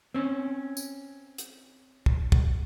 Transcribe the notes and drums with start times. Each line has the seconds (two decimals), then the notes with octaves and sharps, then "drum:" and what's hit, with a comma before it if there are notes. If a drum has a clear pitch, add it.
0.15 C4 C#4
0.77 drum: tambourine
1.38 drum: hi-hat
2.06 drum: kick
2.32 drum: kick